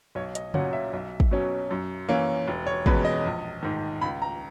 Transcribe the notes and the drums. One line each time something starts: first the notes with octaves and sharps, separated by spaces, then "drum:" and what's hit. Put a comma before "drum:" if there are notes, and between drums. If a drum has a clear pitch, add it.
B1 C#5
D#5, drum: hi-hat
A#2 F#3 C#4 F#5, drum: tom C#3
E5
B1
drum: kick
B2 F#3 C#4
F#2
E3 A#3 C#4
E1
C#5
E2 B2 G#3 C#4 B4, drum: kick
D#5
A#1
G#2 D#3
C#2 B5
A#5